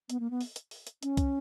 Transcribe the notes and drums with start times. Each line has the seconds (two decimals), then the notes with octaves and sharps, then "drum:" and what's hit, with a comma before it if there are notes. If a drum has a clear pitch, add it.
0.10 B3, drum: hi-hat
0.20 A#3
0.30 B3
0.41 drum: open hi-hat
0.56 drum: hi-hat
0.71 drum: open hi-hat
0.87 drum: hi-hat
1.03 C#4, drum: hi-hat
1.17 drum: kick, hi-hat